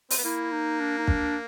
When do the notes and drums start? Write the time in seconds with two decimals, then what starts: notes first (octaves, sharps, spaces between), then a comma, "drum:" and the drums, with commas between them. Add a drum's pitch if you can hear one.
0.10 C4, drum: open hi-hat
0.18 B3
0.24 A#3 E4
0.52 D#4
0.80 D4
0.98 D#4
1.07 D4, drum: kick